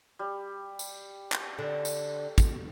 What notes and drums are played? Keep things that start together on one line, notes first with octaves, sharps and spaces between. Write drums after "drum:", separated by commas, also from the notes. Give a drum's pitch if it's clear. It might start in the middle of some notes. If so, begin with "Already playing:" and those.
G3
drum: tambourine
drum: clap
D3
drum: tambourine
drum: kick, tambourine